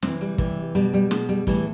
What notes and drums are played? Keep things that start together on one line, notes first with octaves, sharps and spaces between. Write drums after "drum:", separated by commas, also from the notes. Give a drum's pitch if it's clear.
C3 E3 C4, drum: snare
G3
C3 E3, drum: kick
B2 G3
G3
B2 G#3, drum: snare
G3
A2 E3 G3, drum: kick